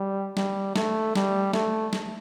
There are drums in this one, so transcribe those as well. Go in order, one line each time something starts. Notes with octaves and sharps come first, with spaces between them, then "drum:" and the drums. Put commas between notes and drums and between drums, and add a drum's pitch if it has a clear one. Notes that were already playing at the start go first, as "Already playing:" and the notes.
Already playing: G3
G3, drum: snare
A3, drum: snare
G3, drum: snare
A3, drum: snare
drum: snare